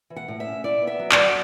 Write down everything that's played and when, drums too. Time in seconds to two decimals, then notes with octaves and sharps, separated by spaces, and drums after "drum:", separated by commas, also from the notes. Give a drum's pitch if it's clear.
0.10 E3
0.16 F#5
0.28 A2
0.40 E5
0.46 C#4
0.64 E4 D5
0.82 B3
0.87 E5
0.99 F#3
1.12 D5, drum: clap
1.18 F#3